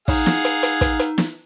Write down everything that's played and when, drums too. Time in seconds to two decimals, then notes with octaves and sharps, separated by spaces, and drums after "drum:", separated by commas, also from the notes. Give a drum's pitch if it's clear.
0.08 D#4 G#4 F5 F#5, drum: kick, open hi-hat
0.26 drum: snare
0.45 drum: hi-hat
0.63 drum: hi-hat
0.81 drum: kick, hi-hat
0.99 drum: hi-hat
1.18 drum: snare